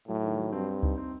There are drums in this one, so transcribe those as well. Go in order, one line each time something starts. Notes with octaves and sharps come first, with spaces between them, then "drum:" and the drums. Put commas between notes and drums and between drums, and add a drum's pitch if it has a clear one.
A2 F#3
D#3
F#3
G2 C4
C4
D#4, drum: kick C#2
C4